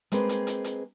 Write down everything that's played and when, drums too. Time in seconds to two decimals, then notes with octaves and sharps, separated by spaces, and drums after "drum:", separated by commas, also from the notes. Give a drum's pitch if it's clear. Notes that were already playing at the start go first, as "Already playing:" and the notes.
0.12 G#3 A#3 C4 G#4 B4, drum: hi-hat
0.29 drum: hi-hat
0.47 drum: hi-hat
0.64 drum: hi-hat